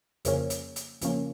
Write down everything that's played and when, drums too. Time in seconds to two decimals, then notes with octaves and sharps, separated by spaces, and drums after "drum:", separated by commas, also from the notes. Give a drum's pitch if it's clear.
0.25 F2 C#3 F3 A#3 C#4, drum: hi-hat
0.50 drum: hi-hat
0.76 drum: hi-hat
1.01 F2 C#3 F3 A#3 C#4, drum: hi-hat